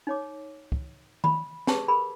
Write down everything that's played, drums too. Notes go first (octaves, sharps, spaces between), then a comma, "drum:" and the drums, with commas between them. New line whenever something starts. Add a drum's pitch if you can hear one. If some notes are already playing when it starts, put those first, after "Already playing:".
D#4 C#5 D6
drum: kick
B5, drum: tom D#3
G4 G#4 B4 A5, drum: snare
G#4 A#4 B5